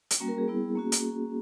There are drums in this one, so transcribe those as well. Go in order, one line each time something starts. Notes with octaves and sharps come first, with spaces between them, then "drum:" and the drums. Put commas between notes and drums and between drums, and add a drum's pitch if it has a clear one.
drum: hi-hat
G3 A#3 C#4 F#4
A#4
G#4
G3 B3 E4
A#3 C#4 F#4
drum: hi-hat